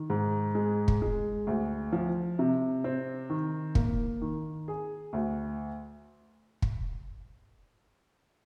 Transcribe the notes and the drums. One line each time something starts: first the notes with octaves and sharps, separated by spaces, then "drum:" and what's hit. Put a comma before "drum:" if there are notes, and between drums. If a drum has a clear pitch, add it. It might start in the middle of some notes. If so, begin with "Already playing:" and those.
Already playing: D#3
G#2
G#3
drum: kick
G#3
D2
F3
C3
C4
D#3
A#3, drum: kick
D#3
G#4
D2
drum: kick